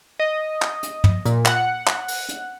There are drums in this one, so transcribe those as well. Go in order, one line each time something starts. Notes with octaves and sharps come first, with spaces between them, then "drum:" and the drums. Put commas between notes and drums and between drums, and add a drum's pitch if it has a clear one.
D#5
drum: clap
drum: hi-hat
drum: tom
A#2, drum: hi-hat
F#5, drum: clap
drum: clap
drum: open hi-hat
drum: hi-hat